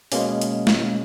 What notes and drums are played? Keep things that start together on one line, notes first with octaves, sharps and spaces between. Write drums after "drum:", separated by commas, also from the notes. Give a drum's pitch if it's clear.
B2 G#3 A#3 C#4, drum: open hi-hat
drum: hi-hat
drum: snare